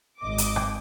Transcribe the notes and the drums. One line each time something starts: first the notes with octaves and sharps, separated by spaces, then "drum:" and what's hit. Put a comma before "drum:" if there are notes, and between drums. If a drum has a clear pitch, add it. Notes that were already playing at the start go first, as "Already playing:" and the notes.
G#1 D#5 D6
drum: hi-hat
drum: rim click